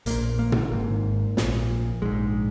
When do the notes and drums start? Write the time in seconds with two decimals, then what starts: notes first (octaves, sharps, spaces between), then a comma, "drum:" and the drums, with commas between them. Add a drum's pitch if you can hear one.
0.06 A#1 A#2 A#3, drum: hi-hat
0.39 A#3
0.52 drum: tom
0.72 G#1 G#2
1.37 A#1 A#2, drum: snare
2.02 A#1 G#2 G#3